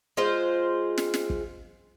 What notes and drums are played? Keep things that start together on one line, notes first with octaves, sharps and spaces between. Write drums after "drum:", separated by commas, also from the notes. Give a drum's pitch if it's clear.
G#3 F4 C5
drum: snare
drum: snare
drum: kick